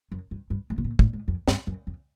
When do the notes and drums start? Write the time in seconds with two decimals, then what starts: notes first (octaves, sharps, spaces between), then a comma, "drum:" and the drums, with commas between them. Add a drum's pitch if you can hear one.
0.12 F#2
0.31 G2
0.50 G2
0.70 G#2
0.78 B2
0.84 A#2
0.99 A2, drum: kick
1.13 G#2
1.28 F2
1.48 G2, drum: snare
1.67 F#2
1.87 F2